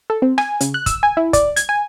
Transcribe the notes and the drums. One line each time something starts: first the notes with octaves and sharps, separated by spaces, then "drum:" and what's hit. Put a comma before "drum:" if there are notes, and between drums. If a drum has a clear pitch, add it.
A4
C4
G#5, drum: rim click
C#3, drum: hi-hat
F#6
E6, drum: kick, hi-hat
G#5
E4
D5, drum: kick, hi-hat
G#6, drum: hi-hat
G#5